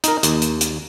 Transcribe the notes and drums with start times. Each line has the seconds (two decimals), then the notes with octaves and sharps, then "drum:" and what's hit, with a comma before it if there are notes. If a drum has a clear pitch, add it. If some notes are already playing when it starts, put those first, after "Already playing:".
0.04 D#4 A#4, drum: hi-hat
0.23 D#2, drum: hi-hat
0.42 drum: hi-hat
0.61 drum: hi-hat